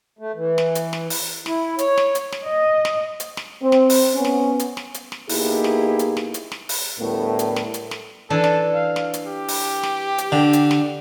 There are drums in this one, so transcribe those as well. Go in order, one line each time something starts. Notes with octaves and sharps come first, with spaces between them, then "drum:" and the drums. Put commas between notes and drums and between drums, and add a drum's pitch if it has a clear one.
A3
E3
drum: snare
drum: hi-hat
drum: snare
drum: open hi-hat
E4, drum: snare
C#5, drum: hi-hat
drum: snare
drum: hi-hat
drum: snare
D#5
drum: snare
drum: hi-hat
drum: snare
C4
drum: snare
drum: open hi-hat
B3 C#4
drum: snare
drum: hi-hat
drum: snare
drum: hi-hat
drum: snare
B2 A#3 D#4 E4 G4 G#4, drum: open hi-hat
drum: snare
drum: hi-hat
drum: snare
drum: hi-hat
drum: snare
drum: open hi-hat
D2 A2 G3 A3 B3 A#4
drum: hi-hat
drum: snare
drum: hi-hat
drum: snare
E3 D4 A4
drum: snare
F5
drum: snare
drum: hi-hat
G4
drum: open hi-hat
drum: snare
drum: hi-hat
D3
drum: hi-hat
drum: snare